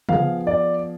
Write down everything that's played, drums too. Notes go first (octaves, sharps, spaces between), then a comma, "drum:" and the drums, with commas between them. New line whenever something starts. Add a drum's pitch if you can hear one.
F3 B3 F4 G#4 F5, drum: tom C#3
D5